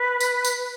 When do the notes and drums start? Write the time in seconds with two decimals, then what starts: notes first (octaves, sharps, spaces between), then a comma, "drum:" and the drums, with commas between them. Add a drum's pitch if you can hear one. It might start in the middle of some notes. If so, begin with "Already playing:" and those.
Already playing: B4
0.20 drum: tambourine
0.45 drum: tambourine